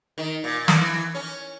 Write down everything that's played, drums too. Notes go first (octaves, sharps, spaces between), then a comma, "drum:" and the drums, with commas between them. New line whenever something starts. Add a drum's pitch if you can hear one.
D#3
A#2
drum: snare
E3
C#4